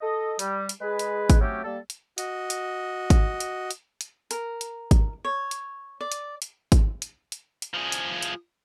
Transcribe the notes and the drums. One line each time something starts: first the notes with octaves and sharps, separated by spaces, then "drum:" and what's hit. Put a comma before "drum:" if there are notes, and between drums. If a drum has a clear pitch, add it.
A4 D#5
G3, drum: hi-hat
drum: hi-hat
G#3 G#4 B4
drum: hi-hat
drum: kick G#1, hi-hat
F#3 A3 C4 C#4 G4
G3 A#3 A4
drum: hi-hat
F#4 D#5, drum: hi-hat
drum: hi-hat
drum: kick G#1, hi-hat
drum: hi-hat
drum: hi-hat
drum: hi-hat
A#4, drum: hi-hat
drum: hi-hat
drum: kick G#1, hi-hat
C#5
drum: hi-hat
D5
drum: hi-hat
drum: hi-hat
drum: kick G#1, hi-hat
drum: hi-hat
drum: hi-hat
drum: hi-hat
F3 G#4
drum: hi-hat
drum: hi-hat